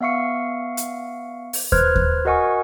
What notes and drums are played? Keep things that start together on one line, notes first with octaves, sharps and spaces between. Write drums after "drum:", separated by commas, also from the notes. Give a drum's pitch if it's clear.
B3 E5 F5 C#6 C#7
drum: hi-hat
drum: open hi-hat
B4 C5 F6 F#6 G#6, drum: kick D#2
drum: kick D#2
F#4 A#4 D#5 F#5 G#5 C#6